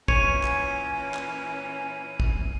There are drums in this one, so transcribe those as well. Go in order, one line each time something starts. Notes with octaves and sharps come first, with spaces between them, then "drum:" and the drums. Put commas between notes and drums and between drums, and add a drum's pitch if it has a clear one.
A#2 E3 C#4 C#5 G#5 D#7, drum: kick
drum: clap
drum: clap
drum: kick